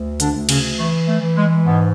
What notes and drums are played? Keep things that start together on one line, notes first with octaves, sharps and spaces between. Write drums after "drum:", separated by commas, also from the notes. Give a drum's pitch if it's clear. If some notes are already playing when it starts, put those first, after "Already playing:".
Already playing: D2
D3 D4, drum: hi-hat
D2
C#3 C#4, drum: cymbal
E3 A3
A3
E3
G#3
G#2 B2 B3